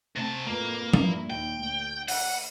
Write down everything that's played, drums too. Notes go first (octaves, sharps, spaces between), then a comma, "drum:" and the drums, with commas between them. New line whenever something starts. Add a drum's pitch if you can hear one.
C3 A3 C4 A5
F2 A2 A#3 B4
G2 A#2 E4, drum: tom F3
D#2 G5
D2
F#5, drum: open hi-hat